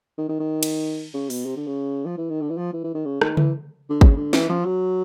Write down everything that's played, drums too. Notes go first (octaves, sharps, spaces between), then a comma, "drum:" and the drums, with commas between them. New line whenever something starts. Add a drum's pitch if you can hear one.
D#3
D#3
D#3
drum: cymbal
C#3
B2, drum: open hi-hat
C3
D3
C#3
F3
E3
D#3
D3
E3
F3
E3
E3
D#3
C#3
D#3, drum: rim click
E3, drum: tom C#3
D3
C#3, drum: kick
D3
E3, drum: snare
F3
F#3